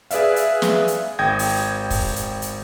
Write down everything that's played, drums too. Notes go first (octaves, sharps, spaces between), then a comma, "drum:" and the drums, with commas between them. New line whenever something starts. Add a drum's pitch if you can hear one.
G#4 B4 D5 E5 F5, drum: hi-hat
drum: hi-hat
drum: snare
drum: hi-hat
G#1 G5 D#6 G6 G#6 A#6
drum: open hi-hat
drum: kick, open hi-hat
drum: hi-hat
drum: hi-hat